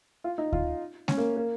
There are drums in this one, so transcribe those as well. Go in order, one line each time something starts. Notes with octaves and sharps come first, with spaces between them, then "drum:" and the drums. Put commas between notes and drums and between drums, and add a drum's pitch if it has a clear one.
F4
D#4
F4, drum: kick D2
C#4, drum: snare G#3
A#3
A#3